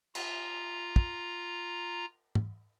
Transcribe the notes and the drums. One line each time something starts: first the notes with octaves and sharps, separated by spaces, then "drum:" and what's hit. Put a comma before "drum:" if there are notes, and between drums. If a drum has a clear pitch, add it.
F4 A#5, drum: cymbal
drum: kick
drum: tom G#2